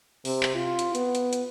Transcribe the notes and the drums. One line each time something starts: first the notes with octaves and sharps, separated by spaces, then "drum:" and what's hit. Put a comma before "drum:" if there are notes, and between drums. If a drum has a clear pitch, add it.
C3, drum: open hi-hat
drum: clap
F4
drum: hi-hat
B3, drum: hi-hat
drum: hi-hat
drum: hi-hat